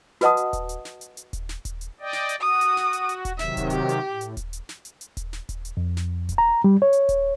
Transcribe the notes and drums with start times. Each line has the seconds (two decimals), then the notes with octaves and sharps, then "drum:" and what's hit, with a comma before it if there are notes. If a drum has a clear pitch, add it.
0.21 F#4 B4 D#5 F#5 A5 D#6, drum: snare
0.37 drum: hi-hat
0.53 drum: kick D#1, hi-hat
0.69 drum: hi-hat
0.85 drum: snare
1.01 drum: hi-hat
1.17 drum: hi-hat
1.33 drum: kick D#1, hi-hat
1.49 drum: snare
1.65 drum: kick D#1, hi-hat
1.81 drum: hi-hat
2.00 D5 D#5 G5
2.13 drum: snare
2.29 drum: hi-hat
2.40 F#4 D#6
2.61 drum: hi-hat
2.77 drum: snare
2.93 drum: hi-hat
3.09 drum: hi-hat
3.25 drum: kick D#1, hi-hat
3.39 C3 D#3 F#3 E5, drum: snare
3.57 drum: kick D#1, hi-hat
3.70 G4, drum: hi-hat
3.89 drum: hi-hat
4.10 A2
4.21 drum: hi-hat
4.37 drum: kick D#1, hi-hat
4.53 drum: hi-hat
4.69 drum: snare
4.85 drum: hi-hat
5.01 drum: hi-hat
5.17 drum: kick D#1, hi-hat
5.33 drum: snare
5.49 drum: kick D#1, hi-hat
5.65 drum: hi-hat
5.77 F2
5.97 drum: snare
6.29 drum: kick D#1, hi-hat
6.38 A#5
6.64 G3
6.82 C#5
6.93 drum: hi-hat
7.09 drum: kick D#1, hi-hat